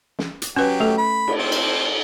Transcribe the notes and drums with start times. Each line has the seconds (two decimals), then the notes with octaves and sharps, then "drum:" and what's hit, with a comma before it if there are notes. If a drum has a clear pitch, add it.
0.19 drum: snare
0.42 drum: hi-hat
0.56 F#3 C#4 G4 B4
0.80 A3 A4
0.98 B5
1.28 drum: cymbal
1.39 C4
1.52 drum: cymbal